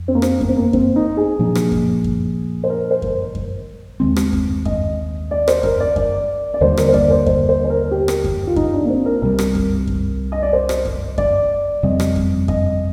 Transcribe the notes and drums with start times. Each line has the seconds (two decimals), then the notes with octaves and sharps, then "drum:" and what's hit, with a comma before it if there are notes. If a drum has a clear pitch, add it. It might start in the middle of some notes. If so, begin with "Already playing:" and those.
Already playing: F2
0.08 C4
0.15 A#3
0.22 C4, drum: rim click
0.41 A#3, drum: kick F#2
0.49 C4
0.57 A#3
0.73 C4, drum: kick F#2
0.96 D#4
1.17 G#4
1.39 A#2 F3 A#3 D4
1.55 drum: rim click
1.72 drum: kick F#2
2.04 drum: kick F#2
2.64 C5
2.70 A#4
2.91 C5
3.02 drum: kick F#2
3.35 drum: kick F#2
4.00 D#2 D#3 G#3 C4
4.16 drum: rim click
4.33 drum: kick F#2
4.65 D#5, drum: kick F#2
5.31 D5
5.48 C5, drum: rim click
5.63 A#4, drum: kick F#2
5.80 D5
5.96 D5, drum: kick F#2
6.54 D5
6.61 D#2 D3 G3 A#3 C5
6.77 A#4, drum: rim click
6.89 C5
6.94 D5, drum: kick F#2
7.10 C5
7.26 C5, drum: kick F#2
7.49 C5
7.65 C5
7.70 A#4
7.91 G4
8.08 drum: rim click
8.24 drum: kick F#2
8.47 F4
8.56 D#4, drum: kick F#2
8.73 D4
8.85 A#3
8.90 C4
9.05 A#4
9.22 C2 C3 G3 A#4
9.39 drum: rim click
9.55 drum: kick F#2
9.87 drum: kick F#2
10.32 D#5
10.42 D5
10.53 C5
10.69 drum: rim click
10.85 drum: kick F#2
11.18 D5, drum: kick F#2
11.83 F2 C3 G3 C4 D#5
12.00 drum: rim click
12.16 drum: kick F#2
12.48 D#5, drum: kick F#2